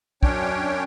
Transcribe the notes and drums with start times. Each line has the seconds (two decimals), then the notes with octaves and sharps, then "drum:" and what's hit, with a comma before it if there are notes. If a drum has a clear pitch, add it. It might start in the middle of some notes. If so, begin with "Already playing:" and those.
0.23 F#2 C#4 D4 C#5 G5, drum: kick